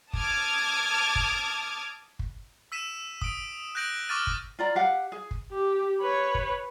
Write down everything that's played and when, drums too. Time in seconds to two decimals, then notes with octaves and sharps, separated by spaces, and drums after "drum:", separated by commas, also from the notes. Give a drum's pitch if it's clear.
0.13 A5 D6 D#6 F6 G#6 A6, drum: kick
1.16 drum: kick
2.19 drum: kick
2.72 E6 B6 D#7 E7
3.22 D#6 D7, drum: kick
3.75 F#6 G6 A#6 D7 F#7
4.09 C#6 D6 E6 F6 A6 D#7
4.27 drum: kick
4.59 F4 D5 A#5
4.75 G4 F5 F#5
5.12 G#4
5.31 drum: kick
5.52 G4
6.01 B4 C#5
6.35 drum: kick